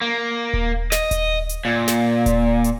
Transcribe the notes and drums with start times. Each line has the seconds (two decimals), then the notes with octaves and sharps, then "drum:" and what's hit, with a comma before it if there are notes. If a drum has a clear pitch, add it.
0.01 A#3
0.53 drum: kick D#1
0.92 D#5, drum: snare
1.11 drum: kick D#1, hi-hat
1.49 drum: hi-hat
1.65 A#2
1.88 drum: snare
2.26 drum: kick D#1, hi-hat
2.64 drum: hi-hat